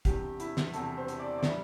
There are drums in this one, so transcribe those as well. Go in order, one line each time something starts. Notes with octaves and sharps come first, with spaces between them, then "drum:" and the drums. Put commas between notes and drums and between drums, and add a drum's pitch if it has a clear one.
E1 E2 C3 G4, drum: kick, hi-hat
E4, drum: hi-hat
drum: snare
E1 E2 C3 A4, drum: hi-hat
C5
drum: hi-hat
D5
D5
G3 E5, drum: snare